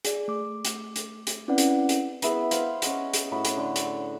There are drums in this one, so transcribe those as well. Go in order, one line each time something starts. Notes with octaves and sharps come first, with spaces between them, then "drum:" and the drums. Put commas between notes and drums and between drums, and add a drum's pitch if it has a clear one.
G#4 D5, drum: hi-hat
A3 D6
drum: hi-hat
drum: hi-hat
drum: hi-hat
C4 C#4 E4 B4 D5 F#5
drum: hi-hat
drum: hi-hat
B3 E4 G#4 B4, drum: hi-hat
C5 F5, drum: hi-hat
C#4 D#5 F#5, drum: hi-hat
drum: hi-hat
A2 F#4 B5
drum: hi-hat
D3
drum: hi-hat